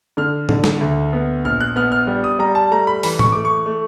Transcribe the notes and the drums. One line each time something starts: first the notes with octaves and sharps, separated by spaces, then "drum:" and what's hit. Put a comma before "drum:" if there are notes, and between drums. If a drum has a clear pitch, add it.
D3 F6
D3, drum: tom A2
drum: snare
D2
B3
A#1 F6
F#6
B3 F6
F6
G3
D#6
G3 A#5
A5
A3 A#5
B5
E3 B5, drum: open hi-hat
C#6, drum: tom A2
A3 D6
C#6
A3